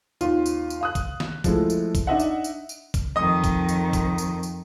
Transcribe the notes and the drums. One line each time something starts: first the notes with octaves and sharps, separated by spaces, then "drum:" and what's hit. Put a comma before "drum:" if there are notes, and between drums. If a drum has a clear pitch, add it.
D#2 F4, drum: tambourine
drum: tambourine
drum: tambourine
F5 D#6 F#6
drum: kick, tambourine
drum: snare
F3 G#3 A3 E4, drum: kick, tambourine
drum: tambourine
drum: kick, tambourine
D4 D#4 D#5 E5 F#5
drum: tambourine
drum: tambourine
drum: tambourine
drum: kick, tambourine
F2 D#3 D#5 D#6
drum: kick, tambourine
drum: tambourine
drum: kick, tambourine
drum: tambourine
drum: tambourine